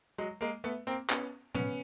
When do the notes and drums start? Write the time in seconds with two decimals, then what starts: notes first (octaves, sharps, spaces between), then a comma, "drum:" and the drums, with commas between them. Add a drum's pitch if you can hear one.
0.18 F#3 G#3
0.41 G#3 A#3
0.64 A3 B3
0.87 A#3 C4
1.10 B3 C#4, drum: clap
1.54 B3 C#4, drum: tom